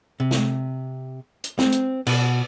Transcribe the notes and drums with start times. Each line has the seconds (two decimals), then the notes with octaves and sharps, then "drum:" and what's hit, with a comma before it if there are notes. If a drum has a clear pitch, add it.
0.20 C3
0.31 drum: snare
1.44 drum: hi-hat
1.59 C4, drum: snare
1.72 drum: hi-hat
2.07 B2, drum: cymbal